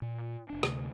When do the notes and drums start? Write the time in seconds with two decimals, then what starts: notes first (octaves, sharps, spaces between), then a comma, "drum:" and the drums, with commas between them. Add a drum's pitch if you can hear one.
0.02 A#2
0.50 F1 D4
0.63 D2 C3, drum: rim click